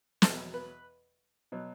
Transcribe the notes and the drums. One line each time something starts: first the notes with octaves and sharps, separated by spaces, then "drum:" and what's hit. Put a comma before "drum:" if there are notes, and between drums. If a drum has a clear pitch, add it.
E2 B2 F#3 A4, drum: snare
B4
B2 F#3